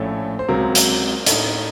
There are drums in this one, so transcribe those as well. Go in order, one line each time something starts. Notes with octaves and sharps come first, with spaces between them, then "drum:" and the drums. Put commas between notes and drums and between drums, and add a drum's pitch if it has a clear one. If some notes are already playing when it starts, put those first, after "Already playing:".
Already playing: A#1 A2 A3 C#4
C5
C#2 C3 F#3 A#4
drum: hi-hat
A2 A3 D#4, drum: hi-hat